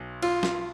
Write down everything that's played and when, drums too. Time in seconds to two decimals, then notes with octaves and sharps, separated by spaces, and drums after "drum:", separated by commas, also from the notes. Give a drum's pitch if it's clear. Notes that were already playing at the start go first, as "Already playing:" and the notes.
Already playing: B1
0.22 F4, drum: cymbal
0.43 drum: snare